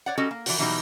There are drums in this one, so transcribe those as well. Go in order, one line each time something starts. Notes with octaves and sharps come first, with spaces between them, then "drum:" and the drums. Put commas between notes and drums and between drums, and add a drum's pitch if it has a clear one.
C#5 D5 F#5
G3 C#4 F#4 A4 D#5
A#3
E3 F3 F#4, drum: open hi-hat
B2 E3 F#3 G3 C#4 D#4